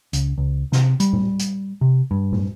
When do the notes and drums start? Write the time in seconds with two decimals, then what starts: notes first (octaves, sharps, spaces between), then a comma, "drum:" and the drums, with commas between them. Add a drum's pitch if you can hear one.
0.13 C#2, drum: hi-hat
0.38 C#2
0.72 C3, drum: snare
1.00 G3, drum: hi-hat
1.13 drum: tom A2
1.39 drum: hi-hat
1.81 C3
2.11 G2
2.33 drum: tom A2